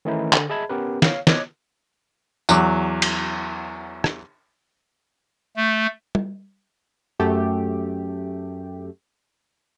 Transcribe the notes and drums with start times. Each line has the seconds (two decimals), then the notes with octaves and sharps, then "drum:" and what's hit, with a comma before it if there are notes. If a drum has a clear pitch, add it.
0.05 D#3 E3 A3 C#4 D#4 E4
0.33 D3, drum: clap
0.49 G#4 D#5 E5 A5 B5 G#6
0.69 B3 C#4 G4 A#4 B4
1.02 C#5 F5, drum: snare
1.27 C#5 D#5 D6 F#6 G#6, drum: snare
2.49 E2 F#3 D6, drum: tambourine
3.02 drum: cymbal
4.04 drum: rim click
5.57 A3
6.15 drum: tom
7.19 F#2 A3 G4